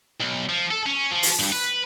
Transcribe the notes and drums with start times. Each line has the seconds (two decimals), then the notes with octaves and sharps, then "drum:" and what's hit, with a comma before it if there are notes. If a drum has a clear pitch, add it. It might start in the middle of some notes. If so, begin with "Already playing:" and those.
0.21 B1
0.49 F3
0.71 A4
0.86 C#4
1.11 F3
1.23 drum: open hi-hat
1.39 G2
1.52 B4